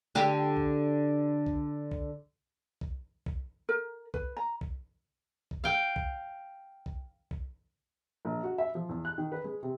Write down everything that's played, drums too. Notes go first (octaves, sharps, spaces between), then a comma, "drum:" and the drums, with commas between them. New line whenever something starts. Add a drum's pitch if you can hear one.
D3 G4
drum: kick
drum: kick
drum: kick
drum: kick
drum: kick
A#4
B4, drum: kick
A#5
drum: kick
drum: kick
F5 G5
drum: kick
drum: kick
drum: kick
A#1
F#4
E5
F3
E2
F#6
D#3
B4
G#3
C3